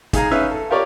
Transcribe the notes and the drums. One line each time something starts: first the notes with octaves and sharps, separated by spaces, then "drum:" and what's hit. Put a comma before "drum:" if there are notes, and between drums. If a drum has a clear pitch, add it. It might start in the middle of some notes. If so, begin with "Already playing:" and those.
D#4 G#4 F5 G#5 A#5, drum: kick, hi-hat
C#4 D#4 B4 E5 F5
A4
F4 G4 A#4 C#5 D5